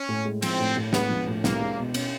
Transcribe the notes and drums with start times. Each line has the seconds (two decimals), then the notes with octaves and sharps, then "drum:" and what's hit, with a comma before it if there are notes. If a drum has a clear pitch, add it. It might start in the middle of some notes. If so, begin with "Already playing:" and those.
Already playing: C#4
0.09 A2
0.25 G#3
0.42 F3 C4, drum: cymbal
0.59 A2
0.77 A2
0.93 G#3 B3, drum: snare
1.10 F3
1.27 A2
1.44 C2 A#3, drum: snare
1.61 G#3
1.78 B2
1.94 C#4, drum: cymbal